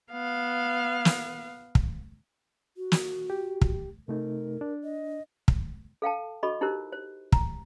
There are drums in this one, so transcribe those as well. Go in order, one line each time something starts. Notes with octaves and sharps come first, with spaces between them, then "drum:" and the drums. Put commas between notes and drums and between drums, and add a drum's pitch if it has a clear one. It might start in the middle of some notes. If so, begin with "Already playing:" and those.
B3 F5
drum: snare
drum: kick
F#4
drum: snare
G4
drum: kick
C3 A3 D#4 A#4
D4
D#5
drum: kick
A4 F5 G5 A5
F#4 A4 D#5 B5 C#6
D#4 E4 G4 A#4 C5
C5
A#5, drum: kick